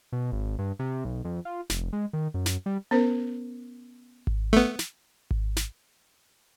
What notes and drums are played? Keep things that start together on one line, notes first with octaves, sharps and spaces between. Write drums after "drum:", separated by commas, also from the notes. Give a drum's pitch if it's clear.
B2
G#1
G2
C3
B1
F2
F4
F1, drum: snare
G#3
D#3
F#2
drum: snare
G3
B3 C#4 A#4 C5
drum: kick G#1
A3 B3
drum: snare
drum: kick G#1
drum: snare